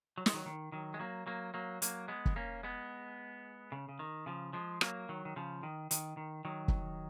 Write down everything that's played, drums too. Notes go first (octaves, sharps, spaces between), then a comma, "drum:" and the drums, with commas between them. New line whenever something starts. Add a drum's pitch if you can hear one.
F#3
G#3, drum: snare
D#3 F#3
D#3
D#3 F#3
G#3
F#3 A#3
F#3 A#3
F#3 A#3
F#3 A#3, drum: hi-hat
G#3 B3
drum: kick
A#3 C#4
G#3 B3
C#3
C#3
D#3
C#3 F3
F3 G#3
F#3 A#3, drum: rim click
D#3 F#3
D#3
C#3 F3
D#3
D#3, drum: hi-hat
D#3
D#3 F#3
drum: kick